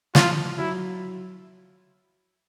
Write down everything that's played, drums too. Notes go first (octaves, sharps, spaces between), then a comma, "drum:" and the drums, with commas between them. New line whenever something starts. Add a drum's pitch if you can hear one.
F3 F4, drum: snare
F#3 E4